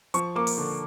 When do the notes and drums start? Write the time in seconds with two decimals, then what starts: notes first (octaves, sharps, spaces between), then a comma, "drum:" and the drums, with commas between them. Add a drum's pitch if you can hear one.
0.14 F3 C#6, drum: hi-hat
0.35 A#3 D6
0.47 drum: open hi-hat
0.58 D3